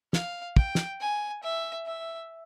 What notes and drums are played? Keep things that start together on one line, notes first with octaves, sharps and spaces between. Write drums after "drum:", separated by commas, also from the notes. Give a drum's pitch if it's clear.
F5, drum: snare
G5, drum: kick
drum: snare
G#5
E5
E5